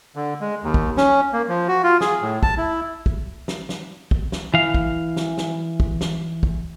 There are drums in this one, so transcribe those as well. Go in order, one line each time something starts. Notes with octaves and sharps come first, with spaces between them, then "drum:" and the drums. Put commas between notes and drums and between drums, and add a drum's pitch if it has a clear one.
D3
G#3
D#2
drum: kick
C#4, drum: snare
A#3
F3
F#4
F4
G#4, drum: snare
A2
A5, drum: kick
E4
drum: kick
drum: snare
drum: snare
drum: kick
drum: snare
E3 F5
drum: kick
drum: snare
drum: snare
drum: kick
drum: snare
drum: kick